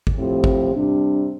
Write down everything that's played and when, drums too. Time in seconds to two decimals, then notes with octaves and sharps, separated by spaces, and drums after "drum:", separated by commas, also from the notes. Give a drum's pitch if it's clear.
0.07 drum: kick
0.17 A2 F3 C4 G4
0.44 drum: kick
0.74 C3 G3 D4